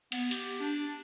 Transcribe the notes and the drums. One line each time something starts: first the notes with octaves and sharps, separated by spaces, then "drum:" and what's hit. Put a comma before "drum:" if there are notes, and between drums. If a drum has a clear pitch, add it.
B3, drum: cymbal
G4, drum: hi-hat
D4